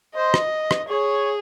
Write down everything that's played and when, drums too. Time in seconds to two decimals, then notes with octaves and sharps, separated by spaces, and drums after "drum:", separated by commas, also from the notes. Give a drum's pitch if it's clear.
0.15 C5 D#5
0.34 drum: rim click
0.71 drum: rim click
0.89 G#4 C#5